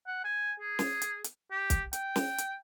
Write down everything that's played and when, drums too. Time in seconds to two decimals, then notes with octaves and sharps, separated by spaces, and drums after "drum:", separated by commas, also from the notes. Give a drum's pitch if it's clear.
0.07 F#5
0.24 G#5
0.60 G#4
0.79 drum: snare
1.02 drum: hi-hat
1.24 drum: hi-hat
1.51 G4
1.70 drum: kick, hi-hat
1.93 G5, drum: hi-hat
2.16 drum: snare
2.38 drum: hi-hat